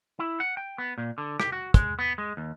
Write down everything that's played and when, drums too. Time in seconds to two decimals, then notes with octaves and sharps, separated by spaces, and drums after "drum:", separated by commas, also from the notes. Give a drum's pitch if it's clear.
0.19 E4
0.40 F#5
0.57 G5
0.78 B3
0.98 A#2
1.18 D3
1.40 G4, drum: rim click
1.52 F#4
1.74 G#3, drum: kick, hi-hat
1.99 B3
2.18 G#3
2.37 D#2